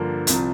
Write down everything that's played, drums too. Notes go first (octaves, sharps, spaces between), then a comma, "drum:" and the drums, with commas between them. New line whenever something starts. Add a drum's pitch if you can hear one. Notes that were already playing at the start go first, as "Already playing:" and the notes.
Already playing: G2 D3 F3 A#3
C2 C3 F3, drum: hi-hat